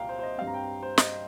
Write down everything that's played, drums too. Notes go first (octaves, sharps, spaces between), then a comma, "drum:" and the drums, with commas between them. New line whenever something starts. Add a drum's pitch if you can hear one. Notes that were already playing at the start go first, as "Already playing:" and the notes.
Already playing: C2 A#2 A#3 F5 G5 A#5
C5
C5
D#5
G2 G3 C4 F5
A#5
G5
C5
D#5, drum: snare